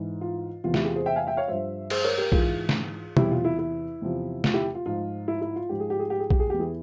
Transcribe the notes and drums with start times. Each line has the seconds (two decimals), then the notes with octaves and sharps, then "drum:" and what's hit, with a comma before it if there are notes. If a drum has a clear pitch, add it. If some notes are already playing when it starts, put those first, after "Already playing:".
Already playing: G#2 E3
0.21 F4
0.64 E2 C3 E3 F4
0.74 E4 G4, drum: snare
0.84 F4 G#4
0.95 G#4 C5
1.06 E5 G5
1.16 F5 G#5
1.27 E5 G5
1.37 C#5 F5
1.48 G2 F3 C5 E5
1.90 G#4 C5, drum: cymbal
2.04 A#4 C#5
2.18 G4 A#4
2.32 G#2 E3 F4 G#4, drum: kick A#1
2.69 drum: snare
3.17 E2 C3 E3 E4 G4, drum: tom
3.32 F4
3.45 E4
3.59 E4
4.01 E2 C3 F3
4.44 F4, drum: snare
4.54 E4 G4
4.75 F4
4.86 G#2 F3 F4
5.28 E4
5.42 E4
5.56 F4
5.69 G#2 F3 G4
5.80 G#4
5.90 G4
5.99 G#4
6.10 G4
6.20 G#4
6.30 G4, drum: kick A#1
6.40 G#4
6.50 E2 G4
6.59 E3 G#4